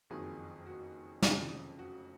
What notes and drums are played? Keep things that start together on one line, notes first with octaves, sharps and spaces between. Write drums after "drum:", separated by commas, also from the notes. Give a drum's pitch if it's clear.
F#1 F2 D#3 F#3 G#4
F#4
F1 F2 C#3 F#3, drum: snare
F#4